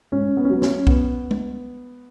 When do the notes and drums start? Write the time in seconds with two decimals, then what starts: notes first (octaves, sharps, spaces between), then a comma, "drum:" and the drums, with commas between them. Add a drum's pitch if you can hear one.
0.12 G#2 C#4
0.37 B3
0.45 C#4
0.49 F#3 B3
0.62 C#4, drum: snare
0.87 B3, drum: kick B1
1.31 drum: tom